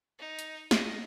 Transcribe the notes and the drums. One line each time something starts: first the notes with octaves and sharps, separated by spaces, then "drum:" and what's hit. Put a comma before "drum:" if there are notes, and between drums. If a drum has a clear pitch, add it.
D#4
drum: hi-hat
D#5, drum: snare